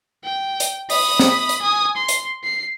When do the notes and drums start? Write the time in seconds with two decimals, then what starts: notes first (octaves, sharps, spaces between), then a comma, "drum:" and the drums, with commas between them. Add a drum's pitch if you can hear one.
0.24 G5
0.60 drum: hi-hat
0.90 B5 D#6, drum: open hi-hat
1.19 drum: snare
1.49 drum: hi-hat
1.61 G#5 D#6
1.97 C6
2.09 drum: hi-hat
2.44 C7